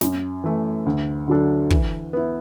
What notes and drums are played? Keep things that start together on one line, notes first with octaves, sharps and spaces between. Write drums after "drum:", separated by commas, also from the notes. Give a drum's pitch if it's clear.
F#2, drum: snare
E3 A3
D2
D3 F#3 D4 A4
E3, drum: kick
B3 E4